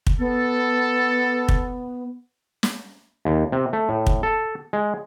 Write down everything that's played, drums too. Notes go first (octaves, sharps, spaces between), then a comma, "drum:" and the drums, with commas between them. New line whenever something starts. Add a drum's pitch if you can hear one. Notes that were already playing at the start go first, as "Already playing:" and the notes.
drum: kick
B3 A4
drum: kick
drum: snare
D#2
C3
A3
A2
drum: kick
A4
G#3